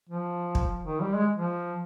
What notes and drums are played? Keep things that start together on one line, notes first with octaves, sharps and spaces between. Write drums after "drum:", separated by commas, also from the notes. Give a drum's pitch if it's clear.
F3
drum: kick
D#3
G3
G#3
F3